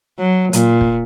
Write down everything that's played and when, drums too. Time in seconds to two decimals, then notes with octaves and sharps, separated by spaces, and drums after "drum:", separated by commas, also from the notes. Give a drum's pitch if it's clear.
0.19 F#3
0.53 A#2, drum: hi-hat
0.81 drum: kick